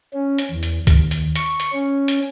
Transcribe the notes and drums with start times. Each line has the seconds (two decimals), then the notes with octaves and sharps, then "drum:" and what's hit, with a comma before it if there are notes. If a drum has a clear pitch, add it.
0.14 C#4
0.39 drum: hi-hat
0.51 E2
0.63 drum: hi-hat
0.87 D#2, drum: kick C#2, hi-hat
1.11 drum: hi-hat
1.35 C#6, drum: hi-hat
1.60 drum: hi-hat
1.73 C#4
2.08 drum: hi-hat